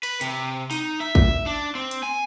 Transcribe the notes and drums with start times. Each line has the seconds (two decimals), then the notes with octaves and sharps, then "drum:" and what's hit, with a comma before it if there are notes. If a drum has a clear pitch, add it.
0.03 B4, drum: cymbal
0.21 C3, drum: hi-hat
0.71 D#4, drum: open hi-hat
1.00 E5
1.15 drum: kick
1.46 D4
1.75 C4
1.91 drum: hi-hat
2.03 G#5